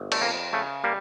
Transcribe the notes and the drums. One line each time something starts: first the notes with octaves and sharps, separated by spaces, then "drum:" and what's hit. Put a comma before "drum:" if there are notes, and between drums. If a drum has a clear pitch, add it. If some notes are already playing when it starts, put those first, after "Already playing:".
Already playing: G1
A3, drum: cymbal
F2 A#3
C#3 A3
G3 A#3